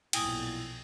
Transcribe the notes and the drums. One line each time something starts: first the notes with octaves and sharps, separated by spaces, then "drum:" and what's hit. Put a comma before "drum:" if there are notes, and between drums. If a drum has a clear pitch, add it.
B1 F2 A#2 E4 G5 G#5 D#6, drum: cymbal